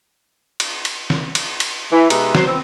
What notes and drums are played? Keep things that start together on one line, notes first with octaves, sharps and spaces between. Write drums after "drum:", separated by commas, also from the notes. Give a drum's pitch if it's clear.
drum: cymbal
drum: cymbal
drum: snare
drum: cymbal
drum: cymbal
E3
B2 G#3 D#4 G4 B4 E5, drum: cymbal
F#3 C5, drum: snare
D#2 F3 B3 C4